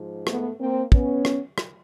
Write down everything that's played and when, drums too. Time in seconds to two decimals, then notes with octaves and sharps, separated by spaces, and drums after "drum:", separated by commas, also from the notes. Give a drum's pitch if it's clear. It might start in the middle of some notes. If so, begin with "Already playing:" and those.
Already playing: G#2 F3
0.27 A3 B3, drum: rim click
0.60 A#3 C4
0.92 B3 C#4, drum: kick
1.25 drum: rim click
1.58 drum: rim click